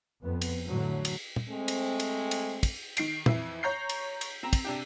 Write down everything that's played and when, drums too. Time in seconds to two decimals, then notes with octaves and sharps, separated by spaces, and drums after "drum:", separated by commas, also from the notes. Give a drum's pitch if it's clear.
0.23 F2 B3
0.41 drum: cymbal
0.66 A2 D3 F#3
1.05 drum: cymbal
1.36 drum: tom
1.48 G#3 A3 C4
1.68 drum: cymbal
2.00 drum: cymbal
2.31 drum: cymbal
2.63 drum: kick, cymbal
2.97 D#3 C7 D7, drum: cymbal
3.26 F2 E3 E5, drum: tom
3.63 C#5 A#5 G6 C7
3.89 drum: cymbal
4.21 drum: cymbal
4.43 C4 A#5
4.53 drum: kick, cymbal
4.65 C3 D4 G4